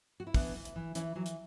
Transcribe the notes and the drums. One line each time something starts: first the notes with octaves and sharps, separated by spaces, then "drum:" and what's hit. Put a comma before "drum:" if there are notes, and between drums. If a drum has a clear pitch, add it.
F#4
E4
E3 B3 D4, drum: kick, open hi-hat
E3
drum: hi-hat
E3
E3 C#4 E4, drum: hi-hat
E3 F#3
drum: hi-hat